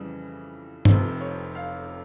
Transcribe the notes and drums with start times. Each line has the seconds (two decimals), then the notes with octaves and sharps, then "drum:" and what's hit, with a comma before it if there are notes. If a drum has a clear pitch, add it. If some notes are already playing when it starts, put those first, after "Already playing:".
Already playing: F2 C#3 E3 G3
0.85 F1 F2 C3 C5, drum: tom G2
1.20 C#5
1.55 F5